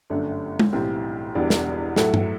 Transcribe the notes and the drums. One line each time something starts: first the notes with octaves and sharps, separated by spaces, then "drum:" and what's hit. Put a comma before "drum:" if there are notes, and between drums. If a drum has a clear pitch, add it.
G1 F#2 D3 A3 D4
drum: tom G#3
B1 A2 E3 G3 C4
E1 E2 B2 G3 D4
drum: snare
A2 F#3 A3 E4 A4, drum: snare
drum: tom G2